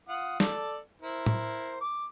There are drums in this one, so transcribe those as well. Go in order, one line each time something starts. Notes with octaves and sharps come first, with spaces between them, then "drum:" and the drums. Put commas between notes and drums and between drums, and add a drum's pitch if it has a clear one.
F4 F#5 D#6
A4 D5, drum: snare
E4 A#4 C5
drum: tom A2
D6